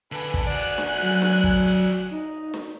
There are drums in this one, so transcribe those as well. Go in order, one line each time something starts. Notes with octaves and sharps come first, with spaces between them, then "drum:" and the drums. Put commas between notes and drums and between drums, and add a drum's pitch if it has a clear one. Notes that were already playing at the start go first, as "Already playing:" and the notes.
D3 B4 G#5
drum: kick
F#4 D5 G#5 F#6
drum: snare D4
F#3
drum: snare D4
drum: kick
drum: hi-hat
D#4
drum: snare D4